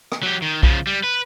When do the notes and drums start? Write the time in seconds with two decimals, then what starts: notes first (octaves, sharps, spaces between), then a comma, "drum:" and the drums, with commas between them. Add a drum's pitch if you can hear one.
0.12 drum: rim click
0.23 F#3 G4
0.42 D#3
0.63 C#3 F3, drum: kick B1
0.87 G3
1.03 B4